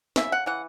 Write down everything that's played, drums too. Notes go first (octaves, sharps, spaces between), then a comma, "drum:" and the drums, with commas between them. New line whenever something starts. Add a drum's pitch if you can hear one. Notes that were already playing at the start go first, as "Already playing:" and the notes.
C#3 E5, drum: snare
F#5
E3 F#5